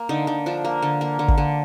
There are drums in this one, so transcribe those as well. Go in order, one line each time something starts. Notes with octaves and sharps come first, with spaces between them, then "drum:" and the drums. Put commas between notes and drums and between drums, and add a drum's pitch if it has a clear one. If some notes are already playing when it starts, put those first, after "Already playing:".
Already playing: A#3
D3 D#4
D3
F3 D4
A#3
D3
A#3
D3
drum: kick
D3